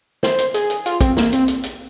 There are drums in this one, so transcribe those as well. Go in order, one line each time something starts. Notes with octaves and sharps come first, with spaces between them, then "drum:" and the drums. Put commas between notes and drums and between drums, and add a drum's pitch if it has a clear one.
C5, drum: snare
drum: hi-hat
G#4, drum: hi-hat
drum: hi-hat
F4, drum: hi-hat
C4, drum: kick, hi-hat
A#3, drum: snare
C4, drum: hi-hat
drum: hi-hat
drum: hi-hat